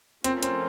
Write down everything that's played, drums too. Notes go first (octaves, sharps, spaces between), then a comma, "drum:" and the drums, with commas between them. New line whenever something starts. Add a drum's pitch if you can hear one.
F3 A3 C4 C#4 F4 A#4, drum: hi-hat
C4, drum: hi-hat